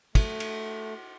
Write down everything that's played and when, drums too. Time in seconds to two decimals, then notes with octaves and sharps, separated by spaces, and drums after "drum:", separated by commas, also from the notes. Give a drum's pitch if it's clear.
0.15 A3, drum: kick, cymbal
0.40 drum: cymbal